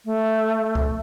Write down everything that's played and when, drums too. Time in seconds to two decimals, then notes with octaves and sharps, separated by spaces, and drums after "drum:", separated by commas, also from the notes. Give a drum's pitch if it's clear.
0.05 A3
0.75 drum: kick C#2